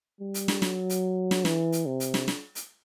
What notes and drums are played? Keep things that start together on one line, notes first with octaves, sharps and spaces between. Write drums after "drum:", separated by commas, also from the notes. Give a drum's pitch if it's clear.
G3
drum: hi-hat
drum: snare
F#3, drum: snare
drum: hi-hat
drum: snare
E3, drum: snare
drum: hi-hat
C3
drum: hi-hat
drum: snare
drum: snare
drum: hi-hat